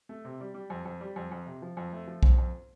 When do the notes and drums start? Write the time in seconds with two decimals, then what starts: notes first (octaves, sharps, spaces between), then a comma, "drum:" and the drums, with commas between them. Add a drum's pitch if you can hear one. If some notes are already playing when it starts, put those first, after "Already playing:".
0.09 A3
0.25 C3
0.40 G3
0.54 G3
0.70 F2
0.85 F2
1.01 G3
1.16 F2
1.31 F2
1.46 C3
1.62 F3
1.77 F2
1.93 A3
2.07 F3
2.23 F2, drum: kick B1
2.38 F2